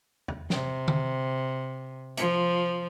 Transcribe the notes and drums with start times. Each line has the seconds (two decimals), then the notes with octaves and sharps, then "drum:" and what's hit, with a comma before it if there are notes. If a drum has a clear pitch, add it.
0.28 drum: tom E2
0.50 C3, drum: snare
0.88 drum: tom D3
2.17 F3, drum: hi-hat